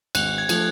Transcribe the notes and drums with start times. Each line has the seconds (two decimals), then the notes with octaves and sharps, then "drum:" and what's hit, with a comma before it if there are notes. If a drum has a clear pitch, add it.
0.15 G#1 F#6, drum: cymbal
0.38 G#6
0.49 F3 A3, drum: cymbal